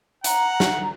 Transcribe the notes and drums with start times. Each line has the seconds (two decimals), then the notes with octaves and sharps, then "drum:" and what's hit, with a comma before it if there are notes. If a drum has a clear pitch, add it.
0.24 F#5 A#5, drum: hi-hat
0.60 drum: snare